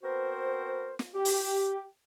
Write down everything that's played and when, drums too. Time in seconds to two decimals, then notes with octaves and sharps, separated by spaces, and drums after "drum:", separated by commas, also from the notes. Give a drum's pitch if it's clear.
0.03 B3 C4 F#4 A#4 C5
0.99 drum: snare
1.15 G4
1.25 drum: open hi-hat